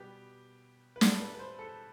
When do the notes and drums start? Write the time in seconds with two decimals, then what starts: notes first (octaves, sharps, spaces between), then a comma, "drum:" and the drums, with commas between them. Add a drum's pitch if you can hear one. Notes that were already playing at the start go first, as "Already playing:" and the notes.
Already playing: B2 G3 B3 G4
0.96 B4
1.01 A2 G3 B3 A4, drum: snare
1.20 B4
1.34 B4
1.39 C5
1.59 A4